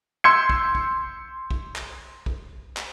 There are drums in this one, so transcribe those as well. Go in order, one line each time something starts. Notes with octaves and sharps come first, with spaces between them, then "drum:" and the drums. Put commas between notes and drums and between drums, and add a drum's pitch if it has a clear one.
C6 E6 G6 G#6 C#7
drum: kick
drum: kick
drum: kick
drum: clap
drum: kick
drum: clap